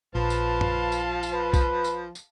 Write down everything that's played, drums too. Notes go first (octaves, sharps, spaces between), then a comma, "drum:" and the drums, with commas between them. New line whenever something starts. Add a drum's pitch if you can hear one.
A#1 F3 B4 F5 A5
drum: tambourine
drum: tom
drum: tambourine
drum: tambourine
B4
drum: kick B1, tambourine
drum: tambourine
drum: tambourine